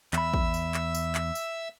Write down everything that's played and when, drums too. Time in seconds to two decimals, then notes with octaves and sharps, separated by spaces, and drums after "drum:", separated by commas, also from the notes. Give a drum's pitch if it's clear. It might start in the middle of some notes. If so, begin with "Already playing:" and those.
0.13 E2 E5 B5 E6, drum: clap
0.34 drum: kick
0.54 drum: tambourine
0.74 drum: clap
0.95 drum: tambourine
1.15 drum: clap
1.35 drum: tambourine